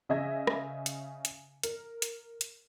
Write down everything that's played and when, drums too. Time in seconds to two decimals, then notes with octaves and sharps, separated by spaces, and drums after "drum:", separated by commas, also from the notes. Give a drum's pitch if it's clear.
0.09 C#3 D#5 E5 G#6 A#6
0.47 drum: rim click
0.86 drum: hi-hat
1.25 drum: hi-hat
1.63 A#4, drum: hi-hat
2.02 drum: hi-hat
2.41 drum: hi-hat